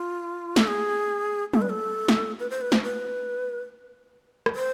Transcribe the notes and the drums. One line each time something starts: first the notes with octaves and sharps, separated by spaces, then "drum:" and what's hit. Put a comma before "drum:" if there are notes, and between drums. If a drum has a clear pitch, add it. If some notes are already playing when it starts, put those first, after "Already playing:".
Already playing: F4
A4, drum: snare
G#4
A4, drum: tom
B4
A4
drum: snare
B4
C5
B4
C5, drum: snare
B4
drum: rim click
C5